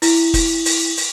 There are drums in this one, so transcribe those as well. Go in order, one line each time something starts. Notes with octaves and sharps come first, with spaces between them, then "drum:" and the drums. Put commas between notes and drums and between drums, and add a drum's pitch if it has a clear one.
E4, drum: open hi-hat
drum: kick, open hi-hat
drum: open hi-hat
drum: open hi-hat